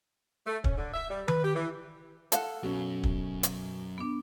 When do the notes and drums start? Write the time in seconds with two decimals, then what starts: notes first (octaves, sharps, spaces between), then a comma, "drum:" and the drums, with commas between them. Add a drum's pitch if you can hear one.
0.47 A3
0.64 C#4, drum: kick
0.78 D3
0.94 E5
1.10 G3
1.28 B4, drum: tom D#3
1.44 G4
1.56 E3
2.32 A4 F5 F#5, drum: hi-hat
2.63 F#2 B2 C#4
3.03 drum: kick
3.43 drum: hi-hat
3.98 B3 D4